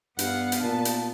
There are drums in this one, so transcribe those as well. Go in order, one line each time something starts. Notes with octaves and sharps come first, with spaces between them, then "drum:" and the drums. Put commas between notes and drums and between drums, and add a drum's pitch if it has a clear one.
G2 B3 F5 F#5, drum: hi-hat
drum: hi-hat
A#2 A5
drum: hi-hat